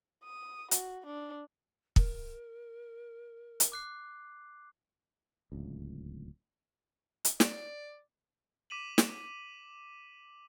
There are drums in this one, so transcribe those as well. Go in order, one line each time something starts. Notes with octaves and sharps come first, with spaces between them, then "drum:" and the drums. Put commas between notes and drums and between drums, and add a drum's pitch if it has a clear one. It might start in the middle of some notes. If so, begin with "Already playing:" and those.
D#6
F#4, drum: hi-hat
D4
A#4, drum: kick
drum: hi-hat
D6 F#6 C7
D1 C#2
drum: hi-hat
D5, drum: snare
D6 B6 D#7 E7 F#7
drum: snare